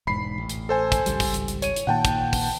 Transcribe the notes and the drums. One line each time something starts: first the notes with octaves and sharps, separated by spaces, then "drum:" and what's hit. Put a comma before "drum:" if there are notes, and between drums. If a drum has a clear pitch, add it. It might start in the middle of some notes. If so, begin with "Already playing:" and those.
E1 G#2 B5 C7
A1
drum: hi-hat
A4 C5 G#5
drum: kick, hi-hat
G#1 C#2 G3, drum: hi-hat
drum: kick, open hi-hat
drum: hi-hat
drum: hi-hat
C#5 D#7, drum: hi-hat
drum: hi-hat
A#2 D#3 A#3 F#5 G5 A5
drum: kick, hi-hat
drum: kick, open hi-hat